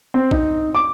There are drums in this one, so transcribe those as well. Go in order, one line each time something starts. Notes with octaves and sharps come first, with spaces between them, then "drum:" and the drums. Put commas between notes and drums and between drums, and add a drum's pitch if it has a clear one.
C4
D#4, drum: kick A#1
D6